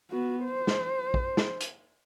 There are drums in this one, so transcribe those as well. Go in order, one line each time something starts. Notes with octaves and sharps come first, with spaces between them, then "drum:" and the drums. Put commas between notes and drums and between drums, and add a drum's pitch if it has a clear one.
B3 F#4
C5
drum: snare
drum: kick
drum: snare
drum: hi-hat